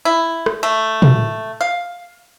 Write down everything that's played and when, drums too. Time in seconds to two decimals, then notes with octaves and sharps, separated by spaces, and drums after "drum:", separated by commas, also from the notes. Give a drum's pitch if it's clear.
0.05 E4
0.46 drum: rim click
0.63 A3
1.02 drum: tom
1.61 F5